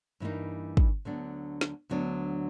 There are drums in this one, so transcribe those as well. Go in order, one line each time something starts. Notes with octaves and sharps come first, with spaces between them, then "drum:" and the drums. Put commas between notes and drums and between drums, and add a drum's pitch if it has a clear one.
G2 E3 G3 A#3 D#4
drum: kick
D2 D3 F#3 B3 D4
drum: snare
D2 D3 F#3 B3 D4